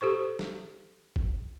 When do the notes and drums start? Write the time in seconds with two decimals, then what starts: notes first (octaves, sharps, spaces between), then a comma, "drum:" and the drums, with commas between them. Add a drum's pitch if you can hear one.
0.01 G4 A4 C5 C#6
0.39 drum: snare
1.16 drum: kick G1